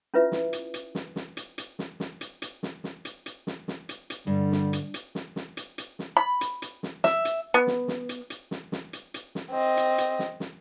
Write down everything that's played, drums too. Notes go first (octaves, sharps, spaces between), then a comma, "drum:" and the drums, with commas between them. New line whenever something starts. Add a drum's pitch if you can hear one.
C#4 E4 F4 B4 E5
drum: snare
drum: hi-hat
drum: hi-hat
drum: snare
drum: snare
drum: hi-hat
drum: hi-hat
drum: snare
drum: snare
drum: hi-hat
drum: hi-hat
drum: snare
drum: snare
drum: hi-hat
drum: hi-hat
drum: snare
drum: snare
drum: hi-hat
drum: hi-hat
G2 D3 G3
drum: snare
drum: hi-hat
drum: hi-hat
drum: snare
drum: snare
drum: hi-hat
drum: hi-hat
drum: snare
B5
drum: hi-hat
drum: hi-hat
drum: snare
E5, drum: snare
drum: hi-hat
B3
drum: snare
drum: snare
drum: hi-hat
drum: hi-hat
drum: snare
drum: snare
drum: hi-hat
drum: hi-hat
drum: snare
C4 D#5
drum: hi-hat
drum: hi-hat
drum: snare
drum: snare